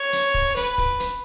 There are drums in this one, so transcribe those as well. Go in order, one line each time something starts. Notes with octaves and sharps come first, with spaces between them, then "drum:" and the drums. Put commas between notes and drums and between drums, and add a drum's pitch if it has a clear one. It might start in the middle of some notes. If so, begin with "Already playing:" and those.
Already playing: C#5
drum: hi-hat
drum: kick
B4, drum: hi-hat
drum: kick, open hi-hat
drum: hi-hat